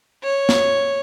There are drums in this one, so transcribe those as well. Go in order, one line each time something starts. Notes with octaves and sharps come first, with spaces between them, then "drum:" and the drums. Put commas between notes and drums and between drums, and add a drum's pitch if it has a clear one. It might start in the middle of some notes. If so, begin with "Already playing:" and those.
C#5
drum: snare